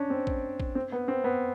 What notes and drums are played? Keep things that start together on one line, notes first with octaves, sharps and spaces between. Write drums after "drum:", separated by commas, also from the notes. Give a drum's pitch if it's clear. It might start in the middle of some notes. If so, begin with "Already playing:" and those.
Already playing: C#4 D4
C4
drum: kick
drum: kick
C4
B3
C4
B3